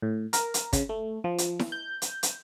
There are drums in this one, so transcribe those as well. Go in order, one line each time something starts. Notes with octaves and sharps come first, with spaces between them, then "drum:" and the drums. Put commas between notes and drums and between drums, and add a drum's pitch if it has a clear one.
A2
A#4, drum: hi-hat
drum: hi-hat
C#3, drum: kick, hi-hat
A3
F3
drum: hi-hat
drum: snare E4
G6
drum: hi-hat
drum: hi-hat